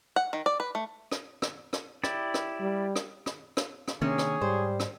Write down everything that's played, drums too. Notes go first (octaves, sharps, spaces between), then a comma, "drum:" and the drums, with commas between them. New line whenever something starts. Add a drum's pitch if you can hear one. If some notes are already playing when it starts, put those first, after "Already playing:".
F#5
D#3
D5
B4
A3
drum: rim click
drum: rim click
drum: rim click
E4 G4 D5, drum: rim click
drum: rim click
G3
drum: rim click
drum: rim click
drum: rim click
drum: rim click
C3 D#3 A#3 C#4 D4 G#4 C#5
drum: rim click
G#2 G3 C5
drum: rim click